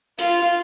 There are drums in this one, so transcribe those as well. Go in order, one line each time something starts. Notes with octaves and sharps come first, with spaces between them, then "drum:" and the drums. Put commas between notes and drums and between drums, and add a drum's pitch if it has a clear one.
F4, drum: hi-hat